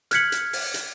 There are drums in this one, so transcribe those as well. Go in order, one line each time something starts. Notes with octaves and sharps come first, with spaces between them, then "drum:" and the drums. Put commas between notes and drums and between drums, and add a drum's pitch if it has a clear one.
F6 F#6 G#6 B6 C#7 F#7, drum: hi-hat
drum: hi-hat
drum: open hi-hat
drum: hi-hat